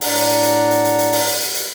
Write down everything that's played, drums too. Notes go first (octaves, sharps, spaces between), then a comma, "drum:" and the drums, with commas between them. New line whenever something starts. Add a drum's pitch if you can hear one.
A2 D4 D5 F#5 A#5, drum: open hi-hat
drum: hi-hat
drum: hi-hat
drum: hi-hat
drum: hi-hat
drum: hi-hat
drum: hi-hat
drum: open hi-hat
drum: hi-hat
drum: hi-hat
drum: hi-hat